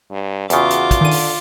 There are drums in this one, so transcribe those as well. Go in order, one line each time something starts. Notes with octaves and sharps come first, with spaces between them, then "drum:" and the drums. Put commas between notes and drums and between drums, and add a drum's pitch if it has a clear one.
G2
E2 C#3 F4 F#4 D6, drum: hi-hat
drum: hi-hat
drum: kick, hi-hat
D3 D#3 D#7
drum: open hi-hat